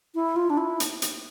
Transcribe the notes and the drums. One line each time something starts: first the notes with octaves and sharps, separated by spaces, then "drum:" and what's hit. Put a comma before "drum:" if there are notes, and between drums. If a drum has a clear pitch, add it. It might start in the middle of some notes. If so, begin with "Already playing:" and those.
E4
F4
D4
E4
drum: hi-hat
drum: hi-hat